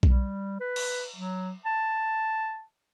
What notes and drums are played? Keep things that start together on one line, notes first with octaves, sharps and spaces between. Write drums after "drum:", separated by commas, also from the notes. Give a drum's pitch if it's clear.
G3, drum: kick B1
B4
drum: cymbal
F#3
A5